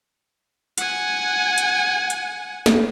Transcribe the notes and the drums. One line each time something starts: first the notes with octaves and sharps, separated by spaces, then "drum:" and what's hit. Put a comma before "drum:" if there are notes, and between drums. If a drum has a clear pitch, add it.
F#5 G#5, drum: hi-hat
drum: hi-hat
drum: hi-hat
drum: snare